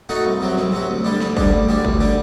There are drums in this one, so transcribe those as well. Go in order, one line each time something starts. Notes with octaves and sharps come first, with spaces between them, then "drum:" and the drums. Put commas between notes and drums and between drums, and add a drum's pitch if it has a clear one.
A3 D#4 F#4
C2
C3 F#3
C2, drum: snare
C3 F#3
D2
D3 G3 D4
D2, drum: snare
D3 G3 D4, drum: kick
D2
D3 G3 D4
D2, drum: kick
D3 G3 D4